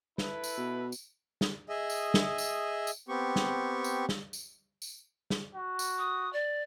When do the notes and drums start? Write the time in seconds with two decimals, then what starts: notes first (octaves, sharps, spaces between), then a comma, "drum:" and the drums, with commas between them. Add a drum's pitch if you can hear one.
0.18 E4 A4 B4, drum: snare
0.44 drum: tambourine
0.57 B2
0.92 drum: tambourine
1.41 drum: snare
1.69 G#4 D#5 E5
1.90 drum: tambourine
2.14 drum: snare
2.38 drum: tambourine
2.87 drum: tambourine
3.09 B3 C4 G4 C#6
3.36 drum: snare
3.84 drum: tambourine
4.09 drum: snare
4.33 drum: tambourine
4.82 drum: tambourine
5.30 drum: snare
5.55 F#4
5.79 drum: tambourine
5.98 D#6
6.33 D5